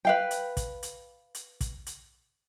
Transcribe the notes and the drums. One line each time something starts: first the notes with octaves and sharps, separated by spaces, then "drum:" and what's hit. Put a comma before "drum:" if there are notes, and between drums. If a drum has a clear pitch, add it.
B4 F5 G5
drum: hi-hat
drum: kick, hi-hat
drum: hi-hat
drum: hi-hat
drum: kick, hi-hat
drum: hi-hat